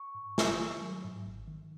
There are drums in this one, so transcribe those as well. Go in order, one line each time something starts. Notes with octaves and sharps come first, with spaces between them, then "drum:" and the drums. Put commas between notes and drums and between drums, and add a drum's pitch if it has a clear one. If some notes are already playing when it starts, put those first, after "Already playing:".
Already playing: C#6
G#2
G#1, drum: snare
D#3
F#3
G#2
G#1
D#3